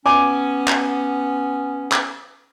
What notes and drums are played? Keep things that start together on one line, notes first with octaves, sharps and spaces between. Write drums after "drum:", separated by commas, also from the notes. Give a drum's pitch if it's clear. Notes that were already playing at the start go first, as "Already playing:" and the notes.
B3 C#4 G#5 D6
drum: clap
drum: clap